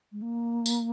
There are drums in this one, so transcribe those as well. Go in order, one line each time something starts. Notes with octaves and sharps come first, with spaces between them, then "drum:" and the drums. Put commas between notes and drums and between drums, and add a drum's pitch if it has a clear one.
G#3
A#3
drum: tambourine